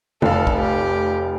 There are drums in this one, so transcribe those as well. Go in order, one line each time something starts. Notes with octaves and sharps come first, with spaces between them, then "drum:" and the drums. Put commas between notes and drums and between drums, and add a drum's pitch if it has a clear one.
F1 A4 F5, drum: tom C#3
drum: kick B1
G4